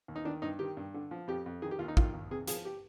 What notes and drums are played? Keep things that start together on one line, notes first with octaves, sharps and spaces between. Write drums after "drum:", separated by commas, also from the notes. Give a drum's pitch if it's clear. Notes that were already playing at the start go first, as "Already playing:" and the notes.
D#2
D#4
D#3 D4
G2 D#4
D#3 G4
G2
D3
F3
F2 G4
F2
D#3 G#4
G4
D#2 F4
D#4
D#3 F4, drum: kick
D#2
C3 G#4
F3 G#4, drum: hi-hat
G4